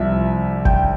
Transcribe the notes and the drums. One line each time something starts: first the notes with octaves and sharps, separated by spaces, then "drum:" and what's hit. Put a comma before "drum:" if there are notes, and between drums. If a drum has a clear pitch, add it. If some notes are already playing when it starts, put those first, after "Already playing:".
Already playing: C2 C3 F3 E5
G5, drum: kick G1